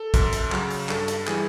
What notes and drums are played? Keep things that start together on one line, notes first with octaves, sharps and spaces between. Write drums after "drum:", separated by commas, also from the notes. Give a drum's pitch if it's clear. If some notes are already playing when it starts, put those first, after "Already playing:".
Already playing: A4
F#2, drum: kick A1, hi-hat
drum: hi-hat
C#3 F#3, drum: clap
drum: open hi-hat
G2 A4, drum: clap
drum: hi-hat
E3 G3 G#4, drum: clap